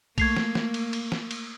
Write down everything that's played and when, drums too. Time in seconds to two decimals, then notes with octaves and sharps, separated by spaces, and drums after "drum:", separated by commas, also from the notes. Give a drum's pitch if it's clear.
0.18 A3 A#3 C#6 G#6 C7 F7, drum: kick B1, cymbal
0.37 drum: snare
0.55 drum: snare
0.74 drum: cymbal
0.93 drum: cymbal
1.12 drum: snare
1.31 drum: cymbal